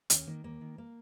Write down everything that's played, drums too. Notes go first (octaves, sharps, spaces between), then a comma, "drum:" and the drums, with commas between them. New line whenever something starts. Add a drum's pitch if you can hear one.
D#2 C#4, drum: hi-hat
D#3 A#3
D#2 A#3
D#3
A#3